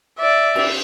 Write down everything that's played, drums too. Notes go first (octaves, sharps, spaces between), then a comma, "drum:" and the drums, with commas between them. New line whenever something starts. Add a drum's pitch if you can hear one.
D5 E5
drum: cymbal